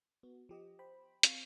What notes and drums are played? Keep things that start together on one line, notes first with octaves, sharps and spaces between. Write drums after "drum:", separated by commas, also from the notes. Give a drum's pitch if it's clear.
B3 F#4
F3 G4 D#5
C5 G5 B5
C4 F5 C6 C#6, drum: hi-hat